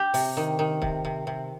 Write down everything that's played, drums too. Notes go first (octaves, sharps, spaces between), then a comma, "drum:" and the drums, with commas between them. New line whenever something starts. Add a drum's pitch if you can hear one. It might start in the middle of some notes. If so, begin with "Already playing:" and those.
Already playing: G4
C3, drum: open hi-hat
D#3
D#3
C3, drum: kick
C3
C3